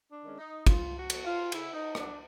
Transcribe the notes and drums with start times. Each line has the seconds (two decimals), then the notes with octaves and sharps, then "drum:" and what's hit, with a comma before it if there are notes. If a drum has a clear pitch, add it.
0.09 D4
0.24 D#3 G#3 C#4
0.39 D#4
0.66 C#3 F4, drum: kick, cymbal
0.95 F#4
1.10 F#3 B3, drum: cymbal
1.24 F4
1.52 C#3 E4, drum: cymbal
1.73 D#4
1.95 F#3 B3 D4, drum: rim click